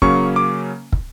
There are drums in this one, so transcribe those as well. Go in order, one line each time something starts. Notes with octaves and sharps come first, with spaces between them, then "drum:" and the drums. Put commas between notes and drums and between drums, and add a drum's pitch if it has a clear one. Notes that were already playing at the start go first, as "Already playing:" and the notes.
C#3 F#3 A#3 C#4 C#6, drum: kick
D6
drum: kick